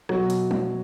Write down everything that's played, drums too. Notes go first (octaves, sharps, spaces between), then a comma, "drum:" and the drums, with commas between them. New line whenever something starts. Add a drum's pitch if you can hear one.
B2 F#3, drum: rim click
drum: hi-hat
drum: tom F3